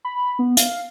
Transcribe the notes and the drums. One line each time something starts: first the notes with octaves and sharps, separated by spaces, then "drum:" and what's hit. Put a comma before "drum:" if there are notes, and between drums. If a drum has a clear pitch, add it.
B5
B3
F5, drum: hi-hat